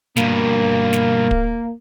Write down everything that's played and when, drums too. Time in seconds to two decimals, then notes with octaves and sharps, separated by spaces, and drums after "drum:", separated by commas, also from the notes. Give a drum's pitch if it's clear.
0.17 G2 B2 A#3, drum: snare
0.93 drum: snare
1.31 drum: kick